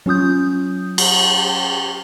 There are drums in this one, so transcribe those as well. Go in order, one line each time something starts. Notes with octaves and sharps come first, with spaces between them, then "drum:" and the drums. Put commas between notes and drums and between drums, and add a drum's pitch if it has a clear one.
F#3 C#4 F4 D#6 G6
drum: cymbal